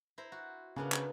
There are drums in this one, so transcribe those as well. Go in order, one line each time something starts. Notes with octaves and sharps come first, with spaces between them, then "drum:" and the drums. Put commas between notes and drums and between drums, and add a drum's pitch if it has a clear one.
E4 C5 A#5
F#4
C#3 A#3 B3 D4
drum: clap